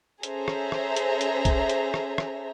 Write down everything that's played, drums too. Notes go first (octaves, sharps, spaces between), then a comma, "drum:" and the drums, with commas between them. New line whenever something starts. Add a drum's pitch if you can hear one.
C#4 G#4 A4 C5 E5 A#5, drum: hi-hat
drum: rim click
drum: rim click
drum: hi-hat
drum: hi-hat
drum: kick B1, hi-hat
drum: hi-hat
drum: rim click
drum: rim click